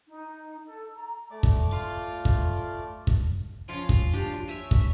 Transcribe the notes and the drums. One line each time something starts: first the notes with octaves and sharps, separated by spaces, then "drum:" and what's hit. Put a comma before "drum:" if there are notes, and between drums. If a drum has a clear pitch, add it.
D#4
A4
A#5
A3 D5 D6
drum: kick
F4
drum: kick
drum: kick
F3 C#4 F4
drum: kick
D4 G4
C#5 E5 G#5
drum: kick